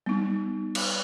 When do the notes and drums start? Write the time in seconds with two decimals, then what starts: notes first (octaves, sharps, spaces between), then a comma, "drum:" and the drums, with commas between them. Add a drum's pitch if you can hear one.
0.06 G3 B3 D#4
0.75 drum: cymbal